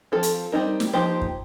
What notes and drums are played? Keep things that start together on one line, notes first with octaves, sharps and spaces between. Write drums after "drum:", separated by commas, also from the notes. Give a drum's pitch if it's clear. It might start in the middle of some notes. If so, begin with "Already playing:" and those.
F3 C4 F4 A4
drum: hi-hat
G3 C4 D#4 A#4
drum: snare
F3 A#3 D#4 G4 C5
drum: kick